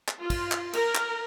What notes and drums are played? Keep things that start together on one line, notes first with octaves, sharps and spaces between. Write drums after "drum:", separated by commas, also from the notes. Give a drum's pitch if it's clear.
drum: clap
F4
drum: kick, cymbal
drum: clap
A#4, drum: cymbal
drum: clap